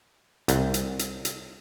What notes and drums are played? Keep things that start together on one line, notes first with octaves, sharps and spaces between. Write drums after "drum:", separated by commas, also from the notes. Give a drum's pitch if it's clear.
C2, drum: hi-hat
drum: hi-hat
drum: hi-hat
drum: hi-hat